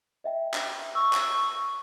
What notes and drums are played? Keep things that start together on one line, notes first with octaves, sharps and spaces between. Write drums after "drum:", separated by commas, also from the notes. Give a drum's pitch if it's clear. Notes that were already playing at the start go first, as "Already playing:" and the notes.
D#5 E5 G5
drum: clap
C#6 E6
drum: clap